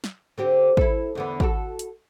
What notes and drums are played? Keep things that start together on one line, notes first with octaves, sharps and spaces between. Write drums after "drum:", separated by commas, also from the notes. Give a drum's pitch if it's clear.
drum: snare
D3 C4 G4
E4 A4, drum: kick
E2 D3 B3
F#4 G4 A4, drum: kick
drum: hi-hat